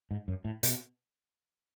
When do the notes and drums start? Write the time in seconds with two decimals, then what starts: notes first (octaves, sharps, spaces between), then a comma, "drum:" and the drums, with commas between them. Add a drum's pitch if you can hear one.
0.11 G#2
0.28 F#2
0.45 A2
0.63 B2, drum: hi-hat